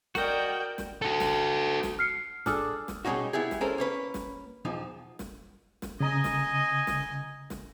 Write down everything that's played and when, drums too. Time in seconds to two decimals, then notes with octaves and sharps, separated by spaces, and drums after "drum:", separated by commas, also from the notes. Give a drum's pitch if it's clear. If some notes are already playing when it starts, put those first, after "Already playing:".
0.15 F#4 A#4 D5 D#5 G5, drum: snare
0.78 drum: snare
1.02 F#4 A4
1.20 drum: snare
1.83 drum: snare
1.99 F6 C7 C#7
2.46 D4 G#4 A4 F6, drum: snare
2.88 drum: snare
3.05 B2 G3 G#3 C#4 D#4 F#4
3.33 B3 E4 G4 G#4
3.51 drum: snare
3.61 G#3 C#4 A4 A#4 C5 A#5
3.78 A#3 C#4 B4
4.14 drum: snare
4.65 B1 E2 F3 D#4
5.19 drum: snare
5.82 drum: snare
6.00 C#3 D#5 G#5 A#5
6.24 drum: snare
6.87 drum: snare
7.50 drum: snare